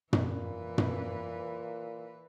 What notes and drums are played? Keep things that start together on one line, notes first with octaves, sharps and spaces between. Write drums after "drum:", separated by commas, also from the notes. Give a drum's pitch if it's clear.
A#2 E3 B4, drum: tom
drum: tom